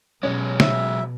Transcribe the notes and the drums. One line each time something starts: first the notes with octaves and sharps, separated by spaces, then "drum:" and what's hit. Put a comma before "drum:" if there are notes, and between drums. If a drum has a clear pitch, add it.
B2 F#3 G#3 C#4
E5, drum: snare